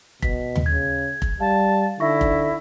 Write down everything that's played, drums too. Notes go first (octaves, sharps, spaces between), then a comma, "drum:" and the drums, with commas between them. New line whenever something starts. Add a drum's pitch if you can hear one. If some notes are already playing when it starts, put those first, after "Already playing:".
B2 B6, drum: kick F1
drum: tom D#2
C#3 G#6
drum: kick F1
G3 F5 A5
D3 D#4 E4 C#6 A#6
drum: kick F1